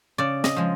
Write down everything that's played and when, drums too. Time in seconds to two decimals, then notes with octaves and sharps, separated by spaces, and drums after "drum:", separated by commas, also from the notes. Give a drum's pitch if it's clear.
0.18 C#3 D5
0.44 D#5, drum: snare
0.56 F3 G#3